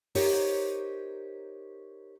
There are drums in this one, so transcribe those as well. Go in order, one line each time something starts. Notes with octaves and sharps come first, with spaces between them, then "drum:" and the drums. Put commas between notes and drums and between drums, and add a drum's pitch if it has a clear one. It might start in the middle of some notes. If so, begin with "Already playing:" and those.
D#4 G4 A#4 C5 C#5, drum: open hi-hat